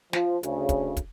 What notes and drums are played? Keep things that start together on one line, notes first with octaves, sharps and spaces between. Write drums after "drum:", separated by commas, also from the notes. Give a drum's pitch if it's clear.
F3, drum: snare
D2 C#3, drum: hi-hat
drum: kick, hi-hat
drum: kick, hi-hat